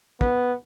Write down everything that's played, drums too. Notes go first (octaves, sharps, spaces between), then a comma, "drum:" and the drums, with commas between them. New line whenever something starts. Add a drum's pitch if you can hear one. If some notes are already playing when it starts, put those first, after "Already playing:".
B3, drum: kick